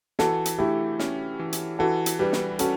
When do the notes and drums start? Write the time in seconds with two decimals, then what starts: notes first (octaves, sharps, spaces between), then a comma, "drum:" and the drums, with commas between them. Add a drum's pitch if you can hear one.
0.19 E3 F#4 A4, drum: snare
0.46 drum: hi-hat
0.58 A3 E4 G4
0.99 C#4, drum: snare
1.39 E3
1.53 drum: hi-hat
1.79 E3 F#4 A4
2.06 drum: hi-hat
2.19 G3 G4 B4
2.33 drum: snare
2.59 C#4 F#4 A4, drum: hi-hat